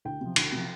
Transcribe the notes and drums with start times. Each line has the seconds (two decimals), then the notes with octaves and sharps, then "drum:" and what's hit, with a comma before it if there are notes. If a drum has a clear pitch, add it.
0.05 D2 G5
0.21 C3 F3
0.36 D2, drum: cymbal
0.52 C3 F3